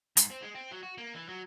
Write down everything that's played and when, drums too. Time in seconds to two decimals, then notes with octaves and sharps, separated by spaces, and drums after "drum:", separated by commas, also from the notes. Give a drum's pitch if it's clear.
0.17 G#2, drum: hi-hat
0.31 C4
0.42 G#3
0.55 C4
0.72 F#3
0.83 F#4
0.98 A#3
1.14 E3
1.29 F#3